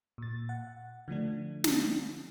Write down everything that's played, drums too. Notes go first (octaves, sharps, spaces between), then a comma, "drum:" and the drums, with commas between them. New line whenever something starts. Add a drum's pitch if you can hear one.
A#2 A6
F#5
D3 F3 A3 D4
drum: snare